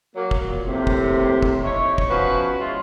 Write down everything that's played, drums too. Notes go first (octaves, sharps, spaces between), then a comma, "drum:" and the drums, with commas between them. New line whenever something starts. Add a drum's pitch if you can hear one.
F#3 A#3
drum: kick
A#2
D#2 A2 C3
drum: kick
drum: kick
D#4 E4 C#5
drum: kick
F3 B3 C#4 F#4 B4
G#3 E4 F4